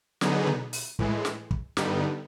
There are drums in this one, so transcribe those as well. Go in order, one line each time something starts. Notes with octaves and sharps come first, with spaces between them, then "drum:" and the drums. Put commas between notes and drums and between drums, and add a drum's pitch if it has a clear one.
D3 F#3 B3 D#4 G#4, drum: snare
drum: tom B2
drum: open hi-hat
A2 E3 G#3, drum: kick
drum: snare
drum: kick
G2 D3 G3 B3 D#4, drum: snare